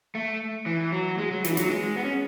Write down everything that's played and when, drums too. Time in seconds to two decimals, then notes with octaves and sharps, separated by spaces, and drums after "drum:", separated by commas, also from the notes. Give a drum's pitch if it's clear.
0.15 A3
0.66 E3
0.92 F#3
1.18 G#3
1.31 F#3
1.44 E3, drum: snare
1.57 F#3, drum: snare
1.70 G#3
1.96 B3
2.04 C#4